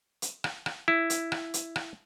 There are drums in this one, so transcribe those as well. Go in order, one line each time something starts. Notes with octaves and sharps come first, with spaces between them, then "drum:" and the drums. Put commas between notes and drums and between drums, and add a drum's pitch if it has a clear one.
drum: hi-hat
drum: rim click
drum: rim click
E4
drum: hi-hat
drum: rim click
drum: hi-hat
drum: rim click